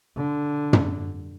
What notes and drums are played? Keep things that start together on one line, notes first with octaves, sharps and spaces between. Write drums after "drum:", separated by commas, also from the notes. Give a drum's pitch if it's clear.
D3
drum: tom